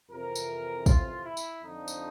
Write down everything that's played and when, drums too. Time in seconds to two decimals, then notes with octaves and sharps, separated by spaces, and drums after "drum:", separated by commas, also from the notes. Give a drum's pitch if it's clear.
0.10 F2 C3 E3 A#4
0.35 drum: tambourine
0.86 F4, drum: kick, tambourine
1.24 E4
1.37 drum: tambourine
1.62 F2 D3 F3 D#4
1.88 drum: tambourine